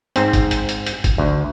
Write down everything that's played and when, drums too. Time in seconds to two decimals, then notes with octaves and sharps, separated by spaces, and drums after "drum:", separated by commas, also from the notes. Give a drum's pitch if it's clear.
0.16 G#2 C4, drum: hi-hat
0.33 drum: kick, hi-hat
0.51 drum: hi-hat
0.69 drum: hi-hat
0.86 drum: hi-hat
1.04 drum: kick, hi-hat
1.18 D2